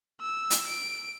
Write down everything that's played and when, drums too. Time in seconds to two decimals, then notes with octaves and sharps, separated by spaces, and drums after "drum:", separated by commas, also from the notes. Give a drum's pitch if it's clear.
0.21 E6
0.50 drum: hi-hat
0.68 D7